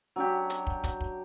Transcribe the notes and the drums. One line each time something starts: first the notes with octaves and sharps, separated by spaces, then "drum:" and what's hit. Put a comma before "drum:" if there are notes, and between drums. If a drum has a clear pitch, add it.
F#3 D4 G4
drum: hi-hat
drum: kick
drum: kick, hi-hat
drum: kick